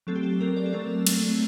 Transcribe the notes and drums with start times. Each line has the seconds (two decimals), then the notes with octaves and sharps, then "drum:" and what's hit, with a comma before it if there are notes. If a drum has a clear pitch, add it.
0.07 F#3 A3 C4 A4
0.16 G4
0.23 A4
0.40 F#3 A3 C4 A#4
0.56 D5
0.66 A4
0.73 F#3 A3 C4 A#4
1.07 F#3 A3 C4, drum: cymbal